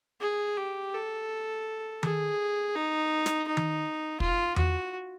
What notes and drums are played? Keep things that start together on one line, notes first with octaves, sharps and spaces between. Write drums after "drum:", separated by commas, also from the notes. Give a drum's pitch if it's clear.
G#4
G4
A4
G#4, drum: tom D#3
D#4
drum: snare
D#4
drum: tom D#3
F4, drum: kick
F#4, drum: tom E2